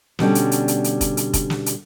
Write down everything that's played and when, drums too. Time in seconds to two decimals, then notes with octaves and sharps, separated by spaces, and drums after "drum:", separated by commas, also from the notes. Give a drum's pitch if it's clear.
0.19 B2 D3 G3 C#4, drum: snare
0.35 drum: hi-hat
0.52 drum: hi-hat
0.68 drum: hi-hat
0.84 drum: hi-hat
1.01 drum: kick F1, hi-hat
1.17 drum: hi-hat
1.34 drum: kick F1, hi-hat
1.50 drum: snare
1.66 drum: hi-hat